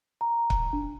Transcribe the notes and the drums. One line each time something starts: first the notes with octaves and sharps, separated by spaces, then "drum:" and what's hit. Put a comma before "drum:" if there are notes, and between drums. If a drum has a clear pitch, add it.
A#5
drum: kick
D4